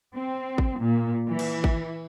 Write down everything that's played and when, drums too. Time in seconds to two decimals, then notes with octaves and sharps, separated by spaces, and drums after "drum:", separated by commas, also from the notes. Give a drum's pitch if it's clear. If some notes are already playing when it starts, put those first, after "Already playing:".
0.15 C4
0.58 drum: kick G#1
0.79 A#2
1.27 E3
1.39 drum: cymbal
1.64 drum: kick G#1